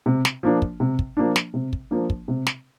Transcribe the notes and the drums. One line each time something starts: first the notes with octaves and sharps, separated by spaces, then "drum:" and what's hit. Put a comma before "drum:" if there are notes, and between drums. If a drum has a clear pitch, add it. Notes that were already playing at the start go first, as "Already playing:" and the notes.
C3
drum: snare
F3 A#3 D4
drum: kick
C3
drum: kick
F3 A#3 D4
drum: snare
C3
drum: kick
F3 A#3 D4
drum: kick
C3
drum: snare